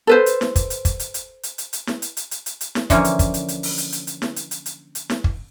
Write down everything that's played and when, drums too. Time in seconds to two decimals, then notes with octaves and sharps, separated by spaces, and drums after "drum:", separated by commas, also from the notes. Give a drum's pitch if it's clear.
0.07 A4 B4 C5
0.26 drum: hi-hat
0.41 drum: snare
0.56 drum: kick, hi-hat
0.70 drum: hi-hat
0.85 drum: kick, hi-hat
0.99 drum: hi-hat
1.14 drum: hi-hat
1.43 drum: hi-hat
1.58 drum: hi-hat
1.73 drum: hi-hat
1.87 drum: snare
2.02 drum: hi-hat
2.17 drum: hi-hat
2.31 drum: hi-hat
2.46 drum: hi-hat
2.61 drum: hi-hat
2.75 drum: snare
2.90 D3 E3 F3 A#3 C#4, drum: kick, hi-hat
3.05 drum: hi-hat
3.19 drum: kick, hi-hat
3.34 drum: hi-hat
3.48 drum: hi-hat
3.63 drum: open hi-hat
3.78 drum: hi-hat
3.92 drum: hi-hat
4.07 drum: hi-hat
4.22 drum: snare
4.36 drum: hi-hat
4.51 drum: hi-hat
4.66 drum: hi-hat
4.95 drum: hi-hat
5.10 drum: snare
5.24 drum: kick